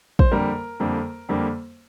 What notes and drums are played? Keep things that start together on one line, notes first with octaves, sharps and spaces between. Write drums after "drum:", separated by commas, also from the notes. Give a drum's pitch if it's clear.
C5, drum: kick
F2 D3 G3 A#3 A#4
F2 D3 G3 A#3
F2 D3 G3 A#3